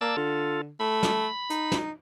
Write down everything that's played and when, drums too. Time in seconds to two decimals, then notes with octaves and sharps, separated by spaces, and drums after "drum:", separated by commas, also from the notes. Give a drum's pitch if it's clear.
0.01 A#3 D5 A5 E6
0.17 D3 F4 A4
0.80 A3 B5
1.03 drum: snare
1.50 D#4, drum: hi-hat
1.72 drum: snare